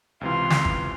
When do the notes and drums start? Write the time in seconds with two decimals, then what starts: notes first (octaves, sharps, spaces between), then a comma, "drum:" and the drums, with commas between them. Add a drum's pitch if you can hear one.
0.21 C#2 C3 E3 F4
0.50 drum: snare
0.65 drum: kick G1